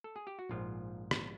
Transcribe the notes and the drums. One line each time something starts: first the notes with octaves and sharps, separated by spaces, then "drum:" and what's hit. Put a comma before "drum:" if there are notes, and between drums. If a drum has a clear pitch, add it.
A4
G#4
G4
F#4
A#1 G#2 F3 F4
drum: rim click